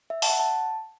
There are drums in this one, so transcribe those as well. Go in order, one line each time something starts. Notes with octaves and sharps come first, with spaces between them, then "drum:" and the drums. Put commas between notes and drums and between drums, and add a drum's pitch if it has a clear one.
E5
A5, drum: open hi-hat
F#5
A5